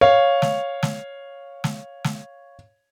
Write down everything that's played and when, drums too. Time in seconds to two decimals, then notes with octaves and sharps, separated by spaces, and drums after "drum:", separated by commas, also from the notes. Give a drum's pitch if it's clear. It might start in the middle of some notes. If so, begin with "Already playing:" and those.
0.01 C#5 F5
0.42 drum: snare
0.83 drum: snare
1.64 drum: snare
2.04 drum: snare